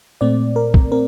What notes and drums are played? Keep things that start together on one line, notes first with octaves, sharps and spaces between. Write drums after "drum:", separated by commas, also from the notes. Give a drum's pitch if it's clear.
A#2 A3 C4 D5
A#4
drum: kick
C4 A#4